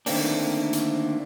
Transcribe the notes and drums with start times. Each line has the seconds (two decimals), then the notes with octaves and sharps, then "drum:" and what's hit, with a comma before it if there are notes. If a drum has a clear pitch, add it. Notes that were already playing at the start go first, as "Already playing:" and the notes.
0.06 D3 D#3 A3 A#3 C4 D4, drum: open hi-hat
0.73 drum: hi-hat